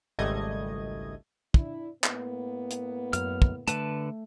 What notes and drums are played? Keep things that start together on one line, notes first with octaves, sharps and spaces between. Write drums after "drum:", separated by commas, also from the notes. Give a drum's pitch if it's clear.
G#1 C#2 G3 A3 D#5 G#6
D4 E4, drum: kick
A2 A#3 B3, drum: clap
drum: hi-hat
F#2 F6, drum: hi-hat
drum: kick
D3 A3 B4 A5, drum: hi-hat